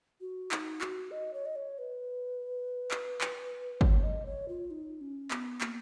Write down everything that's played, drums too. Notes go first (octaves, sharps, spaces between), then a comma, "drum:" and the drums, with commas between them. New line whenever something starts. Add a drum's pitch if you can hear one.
F#4
D#4, drum: clap
F#4, drum: clap
D#5
C#5
D#5
C#5
B4
drum: clap
drum: clap
C#5, drum: kick
D#5
C#5
F4
D#4
C#4
B3, drum: clap
A#3, drum: clap